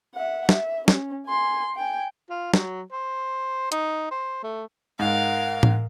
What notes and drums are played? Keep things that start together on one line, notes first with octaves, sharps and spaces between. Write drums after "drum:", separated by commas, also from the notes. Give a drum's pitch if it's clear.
E5 F#5
E5, drum: snare
C#4, drum: snare
G#5 C6
G5 G#5
F4
F#3, drum: snare
C5
D#4, drum: hi-hat
C5
A3
G#2 A#4 F5 F#5
drum: tom A2